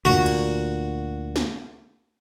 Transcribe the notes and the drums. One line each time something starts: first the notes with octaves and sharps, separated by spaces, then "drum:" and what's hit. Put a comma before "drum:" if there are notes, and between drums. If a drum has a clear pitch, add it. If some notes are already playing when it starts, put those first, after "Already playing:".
D2 A#2 F#4, drum: tom
drum: cymbal
drum: snare